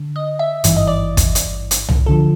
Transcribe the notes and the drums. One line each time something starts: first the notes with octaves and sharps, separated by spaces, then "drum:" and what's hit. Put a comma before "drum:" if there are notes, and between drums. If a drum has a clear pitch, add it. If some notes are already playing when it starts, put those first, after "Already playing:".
Already playing: D3
D#5
E5
G#1 G2 E3, drum: hi-hat
D#5
D5
drum: kick, hi-hat
drum: hi-hat
drum: hi-hat
drum: tom C2
D2 D3 F3 A4